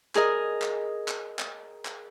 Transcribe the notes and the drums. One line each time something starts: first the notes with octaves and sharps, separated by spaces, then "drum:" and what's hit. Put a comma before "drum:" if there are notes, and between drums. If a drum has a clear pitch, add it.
G#4 A#4 D#5, drum: clap
drum: clap
drum: clap
drum: clap
drum: clap